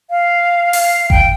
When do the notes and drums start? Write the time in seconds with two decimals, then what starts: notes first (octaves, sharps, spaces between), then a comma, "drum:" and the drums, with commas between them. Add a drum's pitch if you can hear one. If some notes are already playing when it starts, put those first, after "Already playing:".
0.10 F5
0.73 drum: open hi-hat
1.10 G5, drum: kick F#1